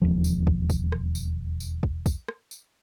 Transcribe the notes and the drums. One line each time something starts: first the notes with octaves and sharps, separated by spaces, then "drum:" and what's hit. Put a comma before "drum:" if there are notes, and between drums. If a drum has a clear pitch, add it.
E1 D#2 F3
drum: tambourine
drum: kick
drum: kick, tambourine
drum: rim click
drum: tambourine
drum: tambourine
drum: kick
drum: kick, tambourine
drum: rim click
drum: tambourine